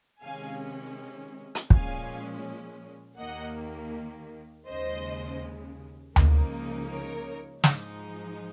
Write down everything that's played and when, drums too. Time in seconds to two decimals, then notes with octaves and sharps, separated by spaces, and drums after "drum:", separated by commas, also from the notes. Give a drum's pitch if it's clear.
0.23 C3 D#3 G#3 C#4 F5 G#5
1.55 drum: hi-hat
1.70 A#2 F3 G#3 C#4 F5 G#5, drum: kick
3.19 D#2 D#3 A#3 D#5 F#5
4.67 D#2 C#3 G#3 C5 D#5
6.16 C#2 C#3 F3 A#3 D#4, drum: tom D2
6.89 A#4 C#5
7.64 G#2 F3 G#3 D#4, drum: snare